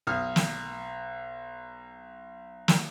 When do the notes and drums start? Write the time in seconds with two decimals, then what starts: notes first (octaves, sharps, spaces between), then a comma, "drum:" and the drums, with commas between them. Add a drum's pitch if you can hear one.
0.07 B1 D#6 F6
0.36 drum: snare
2.68 drum: snare